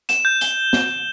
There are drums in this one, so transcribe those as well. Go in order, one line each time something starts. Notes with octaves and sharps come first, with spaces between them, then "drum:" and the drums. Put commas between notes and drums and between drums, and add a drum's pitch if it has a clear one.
E7, drum: hi-hat
G6
G7, drum: hi-hat
drum: snare